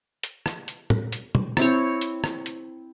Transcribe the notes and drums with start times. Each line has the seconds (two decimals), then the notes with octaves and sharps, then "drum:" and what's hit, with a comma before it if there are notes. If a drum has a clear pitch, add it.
0.23 drum: hi-hat
0.46 drum: rim click
0.68 drum: hi-hat
0.90 drum: tom
1.12 drum: hi-hat
1.35 drum: tom
1.57 C4 E4 C#5, drum: rim click
2.01 drum: hi-hat
2.24 drum: rim click
2.46 drum: hi-hat